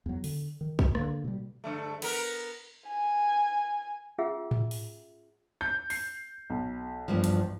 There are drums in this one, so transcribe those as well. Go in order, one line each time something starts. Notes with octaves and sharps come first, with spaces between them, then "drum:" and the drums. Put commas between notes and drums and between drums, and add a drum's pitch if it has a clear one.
E2 F#3
D3, drum: open hi-hat
D#3
D#2, drum: kick
D3 A#3, drum: rim click
B2 G3
G2 D3 A3
B3 A#4, drum: cymbal
G#5
C#4 F4 G#4 E5 F#5 E6
drum: tom A2
drum: open hi-hat
G6
C7, drum: open hi-hat
B1
E2 G2 F3
drum: hi-hat